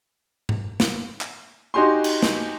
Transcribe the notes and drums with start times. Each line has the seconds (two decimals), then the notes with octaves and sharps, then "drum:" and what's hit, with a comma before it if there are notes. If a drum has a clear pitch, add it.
0.49 drum: tom G#2
0.80 drum: snare
1.21 drum: clap
1.74 D#4 F#4 G4 G#5 C6
2.04 drum: cymbal
2.22 drum: snare